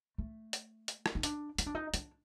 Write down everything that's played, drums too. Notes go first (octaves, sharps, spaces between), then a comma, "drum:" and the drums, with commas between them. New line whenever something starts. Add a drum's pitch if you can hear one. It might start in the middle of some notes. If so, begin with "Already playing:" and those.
A3
drum: hi-hat
drum: hi-hat
drum: rim click
D#4
D4, drum: hi-hat
D#4, drum: hi-hat
D4
D#4
D4, drum: hi-hat